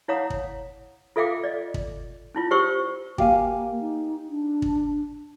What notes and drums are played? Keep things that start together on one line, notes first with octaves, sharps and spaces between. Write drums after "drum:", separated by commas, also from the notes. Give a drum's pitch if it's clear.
E4 C#5 F5 F#5 A#5 D#6
drum: kick
F4 A4 E5 F5 G5 D6
D5 D#5
drum: kick
C#4 E4 F4
G4 C5 G5 C#6 E6
A#3 G4 F5 G#5, drum: kick
D#4
D4
drum: kick